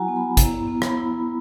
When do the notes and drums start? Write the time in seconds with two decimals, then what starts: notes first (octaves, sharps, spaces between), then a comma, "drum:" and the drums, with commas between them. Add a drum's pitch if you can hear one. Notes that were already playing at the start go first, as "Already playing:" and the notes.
Already playing: F#3 E4 F#4 F#5 G#5 A#5
0.08 B3
0.16 B5
0.37 E4 A#5, drum: kick G#1, hi-hat
0.68 B3
0.82 B5, drum: rim click
0.97 E4